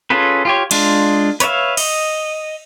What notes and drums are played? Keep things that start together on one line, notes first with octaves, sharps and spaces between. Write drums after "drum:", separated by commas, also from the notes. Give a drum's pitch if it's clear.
C#4 F4 G#4 A4 B4
F4 G4 C#5
G#3 D4 F4, drum: cymbal
B4 C#5 D5 E5 F5, drum: hi-hat
D#5, drum: cymbal